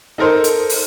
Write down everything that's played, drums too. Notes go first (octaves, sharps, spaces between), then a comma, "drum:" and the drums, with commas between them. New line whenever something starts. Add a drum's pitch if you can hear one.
D#4 A4 A#4 C5
drum: hi-hat
drum: open hi-hat